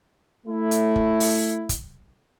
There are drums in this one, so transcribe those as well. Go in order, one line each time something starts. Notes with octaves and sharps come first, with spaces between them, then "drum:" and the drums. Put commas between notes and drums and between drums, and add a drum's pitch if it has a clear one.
A3 E4
drum: hi-hat
drum: kick
drum: open hi-hat
drum: kick, hi-hat